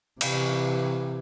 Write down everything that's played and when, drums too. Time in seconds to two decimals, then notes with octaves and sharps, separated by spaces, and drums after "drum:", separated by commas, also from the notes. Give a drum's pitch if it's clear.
0.21 C3 E3, drum: cymbal